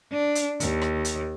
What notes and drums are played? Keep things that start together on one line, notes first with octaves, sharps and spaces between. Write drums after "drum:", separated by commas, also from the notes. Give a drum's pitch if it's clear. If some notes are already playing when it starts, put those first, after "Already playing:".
D4
drum: hi-hat
D#2, drum: hi-hat
drum: rim click
drum: hi-hat